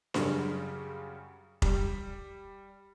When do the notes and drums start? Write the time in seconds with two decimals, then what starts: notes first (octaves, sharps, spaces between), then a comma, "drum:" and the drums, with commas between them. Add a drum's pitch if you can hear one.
0.14 F#2 C#3 G3, drum: snare D4
1.62 G3, drum: kick F1